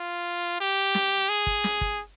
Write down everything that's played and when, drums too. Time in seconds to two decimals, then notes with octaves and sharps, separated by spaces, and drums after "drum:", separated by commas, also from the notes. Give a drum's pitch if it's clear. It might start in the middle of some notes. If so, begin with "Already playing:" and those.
Already playing: F4
0.60 G4
0.95 drum: snare
1.29 G#4
1.47 drum: kick
1.64 drum: snare
1.81 drum: kick